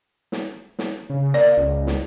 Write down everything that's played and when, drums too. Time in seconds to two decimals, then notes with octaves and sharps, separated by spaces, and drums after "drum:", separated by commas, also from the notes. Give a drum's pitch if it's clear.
0.32 drum: snare
0.79 drum: snare
1.10 C#3
1.34 A#3 D5
1.57 C#2
1.87 drum: snare